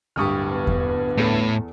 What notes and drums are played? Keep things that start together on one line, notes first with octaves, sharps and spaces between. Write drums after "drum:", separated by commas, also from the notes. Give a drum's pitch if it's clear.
D1 G2 G4 C#6 D#6 F6
B3
drum: kick E2
E2 A2 A4